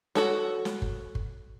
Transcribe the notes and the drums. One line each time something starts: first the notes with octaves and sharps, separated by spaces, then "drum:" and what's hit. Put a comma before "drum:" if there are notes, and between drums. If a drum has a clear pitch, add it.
F#4 A4 C#5, drum: snare
drum: snare
drum: kick G1
drum: kick G1